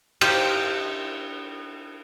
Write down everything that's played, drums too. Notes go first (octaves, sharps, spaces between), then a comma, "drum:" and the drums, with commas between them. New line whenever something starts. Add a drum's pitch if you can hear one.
D#4 G4 C5 F5, drum: cymbal